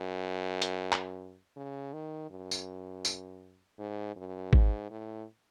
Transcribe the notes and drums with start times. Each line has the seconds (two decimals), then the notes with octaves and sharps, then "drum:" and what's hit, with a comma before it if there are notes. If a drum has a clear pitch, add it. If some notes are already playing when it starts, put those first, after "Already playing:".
Already playing: F#2
0.62 drum: hi-hat
0.92 drum: clap
1.56 C#3
1.93 D#3
2.31 F#2
2.51 drum: tambourine
3.05 drum: tambourine
3.78 G#2
4.16 F#2
4.53 G#2, drum: kick G#1
4.90 A2